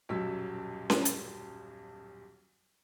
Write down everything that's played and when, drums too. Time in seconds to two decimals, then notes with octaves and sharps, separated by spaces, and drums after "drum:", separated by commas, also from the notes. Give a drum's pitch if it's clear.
0.09 D#1 B1 F#2 F#3 E6 B6
0.90 drum: snare C#4
1.05 drum: hi-hat